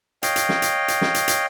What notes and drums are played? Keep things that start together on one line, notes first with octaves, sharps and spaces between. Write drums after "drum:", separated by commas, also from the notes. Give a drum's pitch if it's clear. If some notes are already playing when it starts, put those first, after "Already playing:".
C#5 D#5 F5 G5, drum: hi-hat
drum: hi-hat
drum: snare
drum: hi-hat
drum: hi-hat
drum: snare
drum: hi-hat
drum: hi-hat